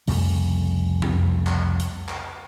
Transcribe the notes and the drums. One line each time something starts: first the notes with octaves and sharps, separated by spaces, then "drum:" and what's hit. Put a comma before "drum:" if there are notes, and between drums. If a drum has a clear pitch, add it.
C2 F2 C#3 A3, drum: open hi-hat
drum: tom F2
drum: clap
drum: hi-hat
drum: clap